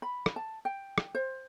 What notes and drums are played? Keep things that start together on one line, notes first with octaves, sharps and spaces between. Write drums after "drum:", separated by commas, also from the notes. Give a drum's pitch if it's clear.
B5
drum: rim click
A5
G5
drum: rim click
C5